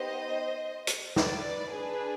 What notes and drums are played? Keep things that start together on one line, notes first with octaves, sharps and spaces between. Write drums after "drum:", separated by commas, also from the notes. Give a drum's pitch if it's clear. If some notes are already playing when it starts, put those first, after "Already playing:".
Already playing: B3 D#4 G4 C5 D#5
drum: hi-hat
B4 D5, drum: snare
D4 G#4 B4